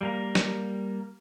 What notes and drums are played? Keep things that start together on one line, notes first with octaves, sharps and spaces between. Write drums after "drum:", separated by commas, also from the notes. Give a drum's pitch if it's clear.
G3 A#3 A#4
drum: snare